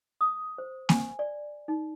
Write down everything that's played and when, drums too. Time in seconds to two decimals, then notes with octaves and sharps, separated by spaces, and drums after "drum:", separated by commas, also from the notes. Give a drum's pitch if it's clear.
0.21 D#6
0.58 C5
0.89 G#5, drum: snare A#3
1.19 D5
1.68 D#4